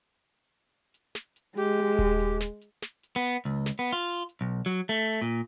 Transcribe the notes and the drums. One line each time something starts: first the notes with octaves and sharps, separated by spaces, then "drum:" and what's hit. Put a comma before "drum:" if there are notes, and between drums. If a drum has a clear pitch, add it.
drum: hi-hat
drum: snare
drum: hi-hat
G#3 G4, drum: hi-hat
drum: hi-hat
drum: kick D#1, hi-hat
drum: hi-hat
drum: snare
drum: hi-hat
drum: snare
drum: hi-hat
B3
C#2, drum: open hi-hat
drum: snare
B3
F4
drum: hi-hat
drum: hi-hat
B1
F#3
A3
drum: hi-hat
A#2